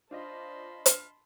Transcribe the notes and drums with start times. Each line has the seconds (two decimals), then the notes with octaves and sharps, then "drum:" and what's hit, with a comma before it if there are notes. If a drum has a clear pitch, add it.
0.11 D4 F4 C5 D#5 A5 B5 C6
0.86 drum: hi-hat